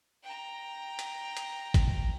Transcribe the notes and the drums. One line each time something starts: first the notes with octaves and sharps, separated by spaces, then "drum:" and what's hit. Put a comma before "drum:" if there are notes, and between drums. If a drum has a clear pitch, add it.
G5 A#5
drum: hi-hat
drum: hi-hat
drum: kick, hi-hat